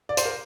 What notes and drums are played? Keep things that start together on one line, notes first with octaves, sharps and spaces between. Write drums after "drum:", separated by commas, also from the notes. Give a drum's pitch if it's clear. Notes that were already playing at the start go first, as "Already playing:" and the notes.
D5
C5, drum: hi-hat
A#4